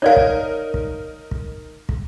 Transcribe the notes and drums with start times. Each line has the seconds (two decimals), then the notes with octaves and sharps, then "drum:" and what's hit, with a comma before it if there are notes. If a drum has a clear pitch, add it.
0.02 D#4 A#4 C#5 D5 F5
0.17 drum: kick
0.74 drum: kick
1.31 drum: kick
1.89 drum: kick